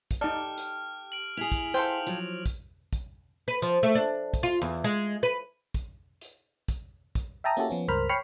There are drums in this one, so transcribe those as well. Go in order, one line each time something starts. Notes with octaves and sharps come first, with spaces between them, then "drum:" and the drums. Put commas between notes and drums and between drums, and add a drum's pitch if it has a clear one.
drum: kick, hi-hat
D#4 G4 A4 D5 F6
drum: hi-hat
D7 F#7
E4 G#4 F7
drum: kick, hi-hat
A4 C5 F5 G5
F3 F#3
drum: kick, hi-hat
drum: kick, hi-hat
B4
F3
A3
D4
drum: kick, hi-hat
F4
E2
G#3
B4
drum: kick, hi-hat
drum: hi-hat
drum: kick, hi-hat
drum: kick, hi-hat
E5 G5 A5 A#5 D#6
A#3 C#4 E4 F#4 G4 A4
F3 B3 C#4
C#2 G2 A#4 C5 B5 F6
C#5 G5 B5 F6 C7 C#7